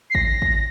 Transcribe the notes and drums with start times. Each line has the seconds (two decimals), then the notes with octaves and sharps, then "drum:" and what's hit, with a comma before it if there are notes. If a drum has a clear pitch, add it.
0.10 C7
0.15 A#6, drum: kick
0.42 drum: kick